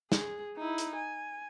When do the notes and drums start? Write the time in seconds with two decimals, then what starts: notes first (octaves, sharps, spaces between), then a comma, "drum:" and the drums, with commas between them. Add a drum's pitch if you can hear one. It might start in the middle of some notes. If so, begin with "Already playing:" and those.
0.12 G#4, drum: snare
0.57 D#4 E4
0.78 drum: hi-hat
0.95 G#5